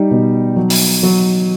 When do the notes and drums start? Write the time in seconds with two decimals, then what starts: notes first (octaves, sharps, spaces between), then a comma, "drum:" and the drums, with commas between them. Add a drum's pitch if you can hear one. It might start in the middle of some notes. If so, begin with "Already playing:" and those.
Already playing: G3 D#4
0.11 B2
0.56 F#3
0.70 drum: open hi-hat
1.03 F#3